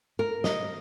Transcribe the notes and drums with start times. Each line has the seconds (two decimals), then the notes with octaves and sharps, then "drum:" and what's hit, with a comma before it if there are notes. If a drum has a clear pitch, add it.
0.19 A#4
0.44 D#5, drum: snare